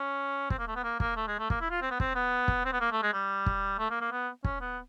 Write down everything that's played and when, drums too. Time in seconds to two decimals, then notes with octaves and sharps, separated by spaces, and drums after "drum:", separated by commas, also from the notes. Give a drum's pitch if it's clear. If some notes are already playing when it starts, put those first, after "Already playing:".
Already playing: C#4
0.50 C4, drum: kick
0.59 A#3
0.68 A3
0.76 B3
0.84 A#3
1.00 A#3, drum: kick
1.17 A3
1.28 G#3
1.39 A3
1.50 A#3, drum: kick
1.61 E4
1.71 F4
1.82 C4
1.91 B3
2.00 C4, drum: kick
2.15 B3
2.48 drum: kick
2.65 C4
2.73 B3
2.81 A#3
2.92 A3
3.03 G#3
3.13 G3
3.46 drum: kick
3.79 A3
3.90 A#3
4.01 A#3
4.12 B3
4.44 C#4, drum: kick
4.61 B3